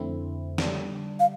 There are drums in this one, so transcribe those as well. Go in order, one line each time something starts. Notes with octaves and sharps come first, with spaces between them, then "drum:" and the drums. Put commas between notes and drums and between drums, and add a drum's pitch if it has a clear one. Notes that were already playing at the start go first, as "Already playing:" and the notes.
Already playing: F2 D3 A3 C4 E4
D3 G3 D4, drum: snare
F5